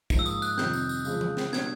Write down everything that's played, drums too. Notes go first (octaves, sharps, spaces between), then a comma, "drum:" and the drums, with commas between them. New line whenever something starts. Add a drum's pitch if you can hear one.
G#2 F3 A#3 D#4, drum: kick, tambourine
E6
D#6, drum: tambourine
F#6, drum: tambourine
F2 C3 D#3 G3 G6, drum: snare
drum: tambourine
drum: tambourine
C#3 F3 G#3, drum: tambourine
drum: tom E3
drum: snare
B2 G3 A#3 D4 G#6, drum: snare